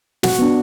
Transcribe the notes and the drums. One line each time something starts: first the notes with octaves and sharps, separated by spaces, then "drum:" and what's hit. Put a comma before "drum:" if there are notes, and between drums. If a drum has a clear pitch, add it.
F#4 F#5, drum: snare
B3 D4